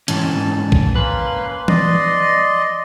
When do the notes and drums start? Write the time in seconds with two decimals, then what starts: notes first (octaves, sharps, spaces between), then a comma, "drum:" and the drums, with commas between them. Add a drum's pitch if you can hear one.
0.08 G#2 E3 C#4 A5, drum: hi-hat
0.72 drum: kick
0.96 A#3 C#4 B4 C6
1.68 D5 D#5 C6, drum: tom E3